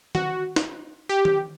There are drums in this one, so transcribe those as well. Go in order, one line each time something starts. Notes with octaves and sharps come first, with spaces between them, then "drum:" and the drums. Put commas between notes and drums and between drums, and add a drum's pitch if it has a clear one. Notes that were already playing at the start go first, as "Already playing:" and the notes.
F#4, drum: tom D#3
drum: snare
G4
drum: tom D#3